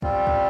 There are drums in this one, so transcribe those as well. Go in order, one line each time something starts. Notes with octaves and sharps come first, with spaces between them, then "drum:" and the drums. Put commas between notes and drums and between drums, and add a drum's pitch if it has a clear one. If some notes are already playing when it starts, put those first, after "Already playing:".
G3 C4 F4, drum: kick
drum: kick